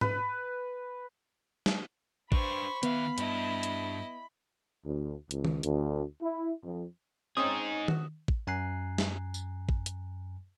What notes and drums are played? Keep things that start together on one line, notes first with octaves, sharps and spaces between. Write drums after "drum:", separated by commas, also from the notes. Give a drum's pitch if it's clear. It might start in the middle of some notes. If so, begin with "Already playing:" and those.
B4, drum: tom G#2
drum: snare
D4 B4 C5 B5 C#6, drum: kick A1
D#3 B3 E5 F5, drum: hi-hat
G2 D4 E4 D#5, drum: hi-hat
drum: hi-hat
D2
C#2, drum: hi-hat
drum: tom D#3
D2, drum: hi-hat
E4
F2
C4 C#4 D#4 G#4 C#5 D#6
F#4, drum: tom D#3
drum: kick A1
F#2 G#5 A#5 F#6 C7
drum: snare
drum: tambourine
drum: kick A1
drum: hi-hat